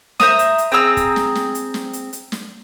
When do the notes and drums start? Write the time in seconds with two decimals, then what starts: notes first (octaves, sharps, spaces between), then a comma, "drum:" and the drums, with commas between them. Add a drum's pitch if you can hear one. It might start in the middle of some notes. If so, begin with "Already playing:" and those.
0.20 C5 E5 A#5 D#6, drum: snare
0.39 drum: hi-hat
0.58 drum: hi-hat
0.72 C4 G#4 A#5 E6
0.97 drum: kick, hi-hat
1.16 drum: snare
1.35 drum: snare
1.55 drum: hi-hat
1.74 drum: snare
1.93 drum: hi-hat
2.13 drum: hi-hat
2.32 drum: snare